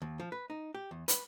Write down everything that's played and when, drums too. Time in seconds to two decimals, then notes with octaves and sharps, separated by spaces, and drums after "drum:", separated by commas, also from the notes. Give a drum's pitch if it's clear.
0.02 D#2
0.20 F3
0.32 B4
0.50 D#4
0.75 G4
0.91 E2
1.08 B4, drum: hi-hat